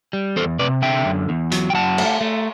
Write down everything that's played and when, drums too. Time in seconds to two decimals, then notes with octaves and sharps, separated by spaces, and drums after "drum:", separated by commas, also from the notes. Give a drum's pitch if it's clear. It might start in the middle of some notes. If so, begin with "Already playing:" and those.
0.13 G3
0.36 E2 A4 C5
0.59 C3 B4 D5
0.82 D3 E5 G5
1.06 F#2
1.29 E2
1.51 F#3, drum: hi-hat
1.70 G5
1.74 F#2 F#5 A5
1.98 A3, drum: cymbal
2.21 A3